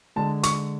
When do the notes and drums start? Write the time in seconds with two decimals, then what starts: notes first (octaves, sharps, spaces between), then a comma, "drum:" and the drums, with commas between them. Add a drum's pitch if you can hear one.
0.16 D3 G#3 A5
0.43 C#6, drum: hi-hat